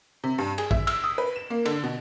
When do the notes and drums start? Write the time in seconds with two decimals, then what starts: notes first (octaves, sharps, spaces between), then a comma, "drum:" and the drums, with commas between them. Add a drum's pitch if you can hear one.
0.24 C3
0.38 G2
0.58 G#4, drum: cymbal
0.71 E5, drum: kick
0.87 E6, drum: cymbal
1.04 D#6
1.18 B4
1.36 E7
1.50 A#3
1.65 D3, drum: cymbal
1.83 B2